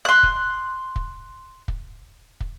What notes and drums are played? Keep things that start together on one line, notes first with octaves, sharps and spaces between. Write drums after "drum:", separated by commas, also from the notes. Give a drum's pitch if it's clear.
C6 F#6
drum: kick
drum: kick
drum: kick
drum: kick